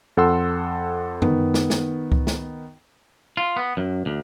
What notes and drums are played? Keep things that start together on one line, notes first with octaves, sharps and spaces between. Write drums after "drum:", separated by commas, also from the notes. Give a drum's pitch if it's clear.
F2 A4 F#5 C6 E6
D#3 B3, drum: tom
drum: snare
drum: snare
drum: kick C#2
drum: snare
F4
B3
F#2
D2